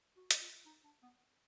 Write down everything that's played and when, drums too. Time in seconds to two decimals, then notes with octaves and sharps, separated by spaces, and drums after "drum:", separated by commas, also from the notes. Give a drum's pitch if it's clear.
0.17 F#4
0.31 drum: hi-hat
0.41 F4
0.66 D#4
0.84 D4
1.02 B3